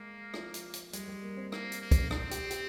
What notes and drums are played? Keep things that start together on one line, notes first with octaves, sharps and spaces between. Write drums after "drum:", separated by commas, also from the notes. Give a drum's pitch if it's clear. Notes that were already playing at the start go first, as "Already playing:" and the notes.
Already playing: G#3 A#3
F3, drum: rim click
drum: hi-hat
drum: hi-hat
G3 G#3, drum: hi-hat
G3
A#3
C4
A#3, drum: rim click
drum: hi-hat
A#3
drum: kick, hi-hat
C4 D4, drum: rim click
G4, drum: hi-hat
G4, drum: hi-hat